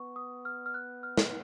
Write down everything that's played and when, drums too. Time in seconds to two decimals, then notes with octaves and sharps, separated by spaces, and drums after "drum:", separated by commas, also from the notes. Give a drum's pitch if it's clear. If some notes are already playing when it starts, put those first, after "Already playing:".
Already playing: B3 C#6
0.16 D#6
0.45 F6
0.66 F6
0.74 F#6
1.03 F6
1.18 drum: snare